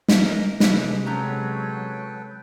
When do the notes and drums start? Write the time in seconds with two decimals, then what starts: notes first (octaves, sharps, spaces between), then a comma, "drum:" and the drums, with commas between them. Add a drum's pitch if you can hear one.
0.08 drum: snare
0.22 A#4 D#5
0.60 C3 G#3 G4 A4 B4, drum: snare
1.06 F#3 C#4 A4 B4 G5 A#5